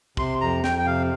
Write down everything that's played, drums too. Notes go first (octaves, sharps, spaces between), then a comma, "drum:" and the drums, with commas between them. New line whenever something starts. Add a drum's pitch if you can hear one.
C3 C6, drum: kick
F2 A#5
F2 G5, drum: snare
G5
C3 F5